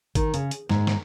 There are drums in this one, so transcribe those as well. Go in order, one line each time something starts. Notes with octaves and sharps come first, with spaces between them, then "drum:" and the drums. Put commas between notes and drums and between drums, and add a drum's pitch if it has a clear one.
D#3, drum: kick G#1, hi-hat
C#3, drum: hi-hat
drum: hi-hat
G#2, drum: snare
drum: snare